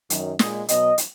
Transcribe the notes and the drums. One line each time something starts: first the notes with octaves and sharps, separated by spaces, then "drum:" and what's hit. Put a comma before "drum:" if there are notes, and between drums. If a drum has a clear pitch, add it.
F#2 D#3 F#3, drum: hi-hat
A#2 G#3 D#5, drum: snare
B2 F#3 D#5, drum: hi-hat
drum: hi-hat